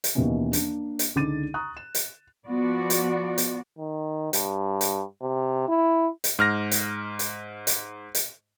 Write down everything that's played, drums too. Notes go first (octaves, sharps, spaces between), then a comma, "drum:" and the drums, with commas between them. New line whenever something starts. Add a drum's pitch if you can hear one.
drum: hi-hat
D#2 B2 D#3 E3 A#3 C#4
A#3 D4, drum: hi-hat
drum: hi-hat
C#2 D3 D#4 D6 A6 D#7
A#5 C#6 D#6 F#6
E7
drum: hi-hat
F3 B3 F#4 D5
drum: hi-hat
drum: hi-hat
D#3
G2, drum: hi-hat
drum: hi-hat
C3
E4
drum: hi-hat
G#2 F6 A#6
drum: hi-hat
drum: hi-hat
drum: hi-hat
drum: hi-hat